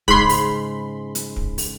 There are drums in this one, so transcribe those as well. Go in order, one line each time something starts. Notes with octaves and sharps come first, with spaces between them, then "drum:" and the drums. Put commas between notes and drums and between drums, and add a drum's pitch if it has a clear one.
G#2 C#3 B5 C6, drum: kick
drum: open hi-hat
drum: hi-hat
drum: kick
drum: open hi-hat